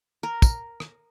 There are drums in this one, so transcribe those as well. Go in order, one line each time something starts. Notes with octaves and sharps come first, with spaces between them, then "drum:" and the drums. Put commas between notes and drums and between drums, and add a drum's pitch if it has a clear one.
A#4
drum: kick, tambourine
drum: rim click